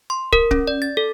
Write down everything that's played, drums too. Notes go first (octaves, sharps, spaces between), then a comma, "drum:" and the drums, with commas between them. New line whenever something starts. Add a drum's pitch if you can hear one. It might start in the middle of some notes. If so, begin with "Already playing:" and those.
C6
A#4, drum: kick
C#4, drum: kick
D5
A6
A4